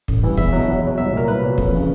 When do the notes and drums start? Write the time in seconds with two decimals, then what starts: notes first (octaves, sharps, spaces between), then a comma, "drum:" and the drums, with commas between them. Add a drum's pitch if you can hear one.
0.08 A1, drum: kick
0.23 G2 E3
0.37 E2 E5, drum: kick
0.53 B2 F#3
0.68 E2
0.82 B2 F#3
0.98 C2 E5
1.13 A#2 F#3 A#4
1.27 C2 B4
1.43 A#2 F#3
1.58 F2, drum: kick
1.73 C#3 E3